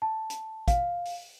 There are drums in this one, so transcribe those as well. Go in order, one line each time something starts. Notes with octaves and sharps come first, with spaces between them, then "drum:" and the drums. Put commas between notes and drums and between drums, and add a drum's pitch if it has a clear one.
A5
drum: hi-hat
F5, drum: kick, hi-hat
drum: open hi-hat